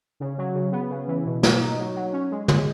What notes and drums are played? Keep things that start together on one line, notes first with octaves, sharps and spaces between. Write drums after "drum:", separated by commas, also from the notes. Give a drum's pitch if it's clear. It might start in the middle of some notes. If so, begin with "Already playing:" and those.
C#3
F#3
C#3
B3
C#3
E3
B2
B2, drum: snare
D#4
F#3
F#3
C#4
G#3
G#3, drum: tom